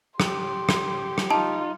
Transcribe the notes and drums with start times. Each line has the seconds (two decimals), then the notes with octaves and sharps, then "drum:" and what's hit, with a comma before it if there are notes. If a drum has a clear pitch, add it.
0.20 G4 C6, drum: rim click
0.69 drum: rim click
1.18 drum: rim click
1.31 D#4 F4 A5